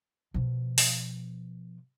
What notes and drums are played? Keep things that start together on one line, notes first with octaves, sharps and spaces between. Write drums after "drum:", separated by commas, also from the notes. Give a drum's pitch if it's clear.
B2 F3
drum: open hi-hat